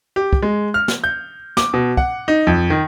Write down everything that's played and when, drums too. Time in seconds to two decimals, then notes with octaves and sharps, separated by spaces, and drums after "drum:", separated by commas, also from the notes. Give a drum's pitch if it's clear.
0.16 G4
0.33 drum: kick
0.42 G#3
0.74 F6
0.88 drum: snare
1.04 G6
1.57 D6, drum: snare
1.74 B2
1.97 F#5, drum: kick
2.28 D#4
2.47 F2
2.70 D#3